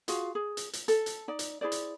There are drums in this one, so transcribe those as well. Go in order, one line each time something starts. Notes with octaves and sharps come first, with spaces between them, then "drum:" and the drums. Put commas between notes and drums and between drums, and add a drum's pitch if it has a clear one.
F4 F#4 G#4 F5, drum: hi-hat
G#4
drum: hi-hat
drum: hi-hat
A4, drum: hi-hat
drum: hi-hat
D#4 D5
drum: hi-hat
E4 G#4 C5 D5
drum: hi-hat